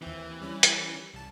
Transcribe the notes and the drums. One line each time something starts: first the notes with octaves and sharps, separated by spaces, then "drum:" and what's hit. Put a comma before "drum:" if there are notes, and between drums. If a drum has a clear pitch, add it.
D#2 E3 C4
G3 C#4
drum: hi-hat
C2 A5